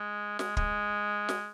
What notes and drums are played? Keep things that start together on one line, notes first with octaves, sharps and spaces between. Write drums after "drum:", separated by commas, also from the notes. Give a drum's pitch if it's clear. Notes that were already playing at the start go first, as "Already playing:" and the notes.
Already playing: G#3
G#3, drum: snare
G#3, drum: kick
drum: snare